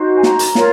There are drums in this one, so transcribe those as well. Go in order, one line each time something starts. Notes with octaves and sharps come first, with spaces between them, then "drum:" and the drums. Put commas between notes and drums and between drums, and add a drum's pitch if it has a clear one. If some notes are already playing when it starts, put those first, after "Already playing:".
Already playing: D#4 F#4 C5
G#5
A#5, drum: snare
drum: hi-hat
F4 A#4 C#5, drum: snare